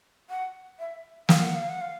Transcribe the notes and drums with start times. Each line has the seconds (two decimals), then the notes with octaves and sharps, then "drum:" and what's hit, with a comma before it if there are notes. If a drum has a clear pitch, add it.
0.30 F#5
0.80 E5
1.29 F5, drum: snare
1.43 F#5
1.56 F5
1.69 F#5
1.81 F5